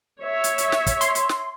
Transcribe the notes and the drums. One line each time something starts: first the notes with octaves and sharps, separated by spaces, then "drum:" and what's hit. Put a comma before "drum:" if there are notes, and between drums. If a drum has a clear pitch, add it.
C#5 E5
drum: hi-hat
drum: hi-hat
drum: snare
drum: kick, hi-hat
C6, drum: hi-hat
drum: hi-hat
drum: snare